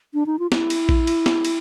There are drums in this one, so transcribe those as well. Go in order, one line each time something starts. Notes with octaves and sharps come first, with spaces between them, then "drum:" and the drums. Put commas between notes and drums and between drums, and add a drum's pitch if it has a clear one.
D4
D#4
F4
E4, drum: snare
drum: cymbal
drum: kick A#1
drum: cymbal
drum: snare
drum: cymbal